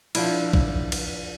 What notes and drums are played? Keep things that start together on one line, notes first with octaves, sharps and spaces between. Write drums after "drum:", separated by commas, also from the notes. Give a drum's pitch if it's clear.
F3 D4 E4, drum: cymbal
drum: kick
drum: cymbal